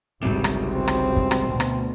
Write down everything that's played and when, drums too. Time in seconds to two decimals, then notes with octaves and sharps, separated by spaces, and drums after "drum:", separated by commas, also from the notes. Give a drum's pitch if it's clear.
0.23 G#1 C#2 C3 F#3 G3
0.44 drum: rim click
0.72 C4
0.88 drum: rim click
1.16 drum: kick
1.31 drum: rim click
1.45 D2 B2
1.60 drum: rim click